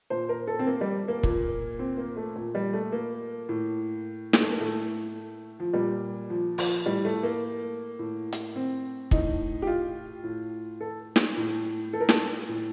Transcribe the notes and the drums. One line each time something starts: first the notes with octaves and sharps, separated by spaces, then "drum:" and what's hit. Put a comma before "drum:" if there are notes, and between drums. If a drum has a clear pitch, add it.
A#2 C5
A#4
A4
C4
A#3
G3
A#3
A#2, drum: kick
C4
A#3
A3
A#2
G3
A3
A#3
A2
A#3, drum: snare
A3
A#3
A2 A3
F3
A#2 G3
F3
F3, drum: open hi-hat
A2 G3
A3
A#3
A2
drum: hi-hat
C4
A2 D#4, drum: kick
G4
F4
A2
A4
drum: snare
A2
A4
A#4
A4, drum: snare
A2